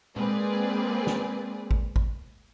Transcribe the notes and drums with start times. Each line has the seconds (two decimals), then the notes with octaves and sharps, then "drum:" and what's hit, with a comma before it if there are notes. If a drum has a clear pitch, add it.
0.16 G#3 A#3 C4 G#4 B4 D5, drum: tom
1.07 drum: snare
1.71 drum: kick G#1
1.96 drum: kick G#1